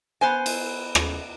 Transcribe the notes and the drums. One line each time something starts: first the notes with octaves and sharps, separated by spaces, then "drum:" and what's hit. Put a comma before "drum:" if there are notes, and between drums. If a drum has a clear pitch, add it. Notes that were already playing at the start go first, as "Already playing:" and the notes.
B3 C5 G#5
drum: cymbal
drum: rim click